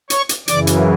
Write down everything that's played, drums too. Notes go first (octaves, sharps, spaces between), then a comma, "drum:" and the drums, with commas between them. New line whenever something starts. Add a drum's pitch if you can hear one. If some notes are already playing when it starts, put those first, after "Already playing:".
C#5 C#6, drum: hi-hat
drum: hi-hat
F#2 C#3 E3 D5 D6, drum: hi-hat
drum: hi-hat